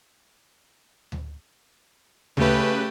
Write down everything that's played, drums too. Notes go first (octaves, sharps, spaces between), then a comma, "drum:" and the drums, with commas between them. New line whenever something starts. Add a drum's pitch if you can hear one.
drum: tom D2
C#3 A3 G4 B4, drum: tom D2